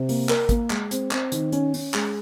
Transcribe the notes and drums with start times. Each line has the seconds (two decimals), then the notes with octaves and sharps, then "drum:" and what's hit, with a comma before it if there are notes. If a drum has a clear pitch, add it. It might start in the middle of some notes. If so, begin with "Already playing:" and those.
Already playing: C3
0.09 A#3, drum: open hi-hat
0.29 A#4, drum: clap
0.49 A#3, drum: kick G#1, hi-hat
0.70 G#3, drum: clap
0.91 C4, drum: hi-hat
1.11 C4, drum: clap
1.32 D#3, drum: hi-hat
1.52 C#4, drum: hi-hat
1.74 C#4, drum: open hi-hat
1.94 G#3, drum: clap